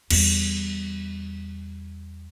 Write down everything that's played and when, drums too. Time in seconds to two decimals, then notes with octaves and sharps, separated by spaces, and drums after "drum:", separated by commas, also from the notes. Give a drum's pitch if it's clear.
0.10 E2 G3, drum: cymbal